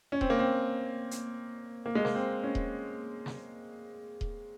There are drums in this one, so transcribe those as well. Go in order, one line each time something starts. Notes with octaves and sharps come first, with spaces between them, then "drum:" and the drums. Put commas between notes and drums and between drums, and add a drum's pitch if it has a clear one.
C#4
C4, drum: kick D#1
A#3
C4
drum: hi-hat
A#3
G#3
A#3, drum: snare
C4
C#4
drum: kick D#1
drum: snare
drum: kick D#1